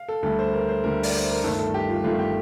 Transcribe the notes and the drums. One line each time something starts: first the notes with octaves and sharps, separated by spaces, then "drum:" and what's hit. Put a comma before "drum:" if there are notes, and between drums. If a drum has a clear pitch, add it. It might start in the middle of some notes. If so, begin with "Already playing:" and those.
Already playing: F5
A4
D2 D3 G3 A4
C5
A#4
C5
D2 D3 G3 A#4
D5, drum: open hi-hat
C5
A#4
G1 G2 D#3 A3 A4
A4
G4
F4
G1 G2 D#3 A3 F4
G4